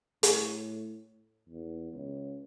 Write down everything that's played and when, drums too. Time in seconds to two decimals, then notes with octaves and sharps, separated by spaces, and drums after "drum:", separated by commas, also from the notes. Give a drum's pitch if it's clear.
0.23 A2, drum: hi-hat
1.49 E2
1.93 C#2